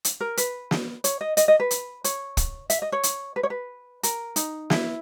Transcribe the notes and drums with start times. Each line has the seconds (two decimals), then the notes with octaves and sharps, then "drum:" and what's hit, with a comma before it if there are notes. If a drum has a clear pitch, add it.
0.05 drum: hi-hat
0.21 A#4
0.37 B4, drum: hi-hat
0.71 drum: snare
1.04 C#5, drum: hi-hat
1.21 D#5
1.37 D#5, drum: hi-hat
1.48 D#5
1.60 B4
1.71 drum: hi-hat
2.04 C#5, drum: hi-hat
2.37 drum: kick, hi-hat
2.70 E5, drum: hi-hat
2.82 D#5
2.92 C#5
3.03 drum: hi-hat
3.36 B4
3.43 C#5
3.50 B4
4.03 A#4, drum: hi-hat
4.36 D#4, drum: hi-hat
4.70 E4, drum: snare